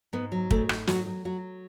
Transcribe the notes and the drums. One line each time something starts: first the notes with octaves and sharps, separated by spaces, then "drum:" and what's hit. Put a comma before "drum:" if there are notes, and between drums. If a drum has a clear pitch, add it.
G#2 B3
F#3
G#2 A3, drum: kick
G#2, drum: rim click
F#3 F#4, drum: snare
F#3
F#3 F#4